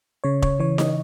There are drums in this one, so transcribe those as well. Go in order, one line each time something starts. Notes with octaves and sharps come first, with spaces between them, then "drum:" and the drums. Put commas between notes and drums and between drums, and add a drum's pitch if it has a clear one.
C#3 C#5
C#5, drum: kick
E3 C#5
D#5, drum: snare D#4